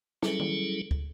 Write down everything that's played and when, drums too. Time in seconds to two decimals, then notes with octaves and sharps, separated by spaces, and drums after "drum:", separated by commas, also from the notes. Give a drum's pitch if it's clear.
0.23 F#3 G3 C#4 E4 G#4 A4, drum: snare
0.40 drum: tom D#3
0.91 drum: kick